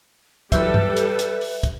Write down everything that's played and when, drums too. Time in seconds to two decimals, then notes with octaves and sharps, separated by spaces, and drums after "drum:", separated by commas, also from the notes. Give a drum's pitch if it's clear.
0.52 E3 F#3 G3 A4 B4 C5 E5, drum: kick, hi-hat
0.74 drum: tom G2
0.96 drum: hi-hat
1.19 drum: hi-hat
1.41 drum: open hi-hat
1.63 drum: kick, hi-hat